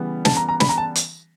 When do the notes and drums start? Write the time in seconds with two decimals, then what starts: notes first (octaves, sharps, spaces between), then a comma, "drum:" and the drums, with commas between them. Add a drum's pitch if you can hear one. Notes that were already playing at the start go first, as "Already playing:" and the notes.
Already playing: C#3 E3 G3 B3
0.25 A5, drum: snare
0.37 A#5
0.49 A#5
0.60 B5, drum: snare
0.69 A#5
0.78 A5
0.95 drum: hi-hat